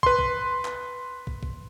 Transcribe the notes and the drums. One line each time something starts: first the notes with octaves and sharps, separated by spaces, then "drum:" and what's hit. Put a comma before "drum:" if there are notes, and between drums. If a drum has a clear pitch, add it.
B4 C6, drum: kick
drum: kick
drum: clap
drum: kick
drum: kick